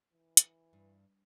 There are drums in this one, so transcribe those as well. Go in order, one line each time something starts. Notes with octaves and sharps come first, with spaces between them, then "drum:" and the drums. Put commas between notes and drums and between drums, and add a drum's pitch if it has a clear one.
E3
drum: hi-hat
G2